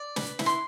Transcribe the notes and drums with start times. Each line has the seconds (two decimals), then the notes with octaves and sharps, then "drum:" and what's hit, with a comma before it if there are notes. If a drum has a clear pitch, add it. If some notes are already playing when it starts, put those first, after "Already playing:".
Already playing: D5
0.16 B4, drum: snare
0.39 E4, drum: snare
0.46 C6